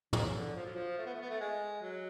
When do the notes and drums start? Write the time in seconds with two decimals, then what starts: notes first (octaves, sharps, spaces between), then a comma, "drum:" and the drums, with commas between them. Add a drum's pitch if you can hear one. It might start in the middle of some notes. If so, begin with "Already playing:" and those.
0.13 C#3, drum: tom
0.34 D3
0.55 F3
0.65 F#3
0.75 F3
0.98 A3
1.06 B3
1.14 A3
1.21 B3
1.29 A3
1.40 G#3
1.82 F#3